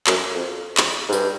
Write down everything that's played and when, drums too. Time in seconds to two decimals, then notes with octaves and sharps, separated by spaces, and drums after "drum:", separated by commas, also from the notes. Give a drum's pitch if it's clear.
0.07 F#2, drum: clap
0.34 F2
0.77 drum: clap
1.09 G#2
1.13 G2, drum: tambourine